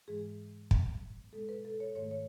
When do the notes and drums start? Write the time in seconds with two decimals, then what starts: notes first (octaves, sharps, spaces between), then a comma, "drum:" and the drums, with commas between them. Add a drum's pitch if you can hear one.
0.08 G#2 E3 G#3 G#4
0.71 A2 F#3 B3, drum: kick
1.33 B2 G#3 B3 A4
1.49 B4
1.65 A4
1.80 C#5
1.95 G#2 D#3 A3 C#5
2.11 C#5